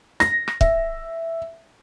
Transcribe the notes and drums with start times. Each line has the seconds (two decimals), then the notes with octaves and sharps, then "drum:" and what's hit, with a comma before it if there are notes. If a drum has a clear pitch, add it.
0.20 A#6, drum: snare
0.48 drum: rim click
0.61 E5, drum: kick